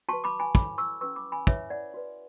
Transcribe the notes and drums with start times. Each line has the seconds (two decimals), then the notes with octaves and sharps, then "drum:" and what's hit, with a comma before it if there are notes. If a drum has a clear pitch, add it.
0.09 F#4 B4 A5 C#6
0.24 B5 D6
0.40 G#5 B5
0.55 E4 A4 C#5 B5 D6, drum: kick
0.78 C#6 E6
1.01 C#4 F#4 B4 C#6 E6
1.16 B5 D6
1.32 G#5 B5
1.47 E4 B4 C#5 E5, drum: kick
1.70 D5 F#5
1.94 F#4 B4